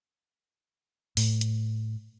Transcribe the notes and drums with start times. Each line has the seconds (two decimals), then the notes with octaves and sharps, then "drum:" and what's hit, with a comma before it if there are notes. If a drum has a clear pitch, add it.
1.17 A2, drum: open hi-hat
1.41 drum: hi-hat